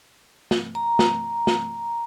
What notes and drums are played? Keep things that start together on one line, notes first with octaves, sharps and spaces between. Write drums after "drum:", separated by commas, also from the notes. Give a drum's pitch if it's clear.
drum: snare
A#5
drum: snare
drum: snare